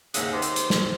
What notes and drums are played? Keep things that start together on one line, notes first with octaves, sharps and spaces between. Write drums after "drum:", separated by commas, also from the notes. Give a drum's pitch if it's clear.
D#2 G#2 C#3 G#4 E5 F#5, drum: hi-hat
D#3 G4 C5
drum: hi-hat
drum: hi-hat
drum: snare